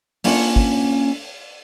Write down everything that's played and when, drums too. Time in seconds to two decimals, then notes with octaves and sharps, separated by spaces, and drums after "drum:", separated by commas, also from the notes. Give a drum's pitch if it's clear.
0.24 A#3 C#4 D4 F4 F#5, drum: open hi-hat
0.56 drum: kick